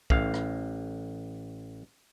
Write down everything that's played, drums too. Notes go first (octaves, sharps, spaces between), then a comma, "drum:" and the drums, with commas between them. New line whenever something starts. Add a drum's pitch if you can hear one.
A1 F5, drum: kick
drum: rim click